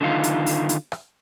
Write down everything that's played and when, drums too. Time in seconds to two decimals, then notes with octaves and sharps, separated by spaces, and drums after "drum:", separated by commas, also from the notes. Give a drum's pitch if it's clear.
0.01 D3 D#3 D#4 F4
0.24 drum: hi-hat
0.46 drum: open hi-hat
0.69 drum: hi-hat
0.92 drum: rim click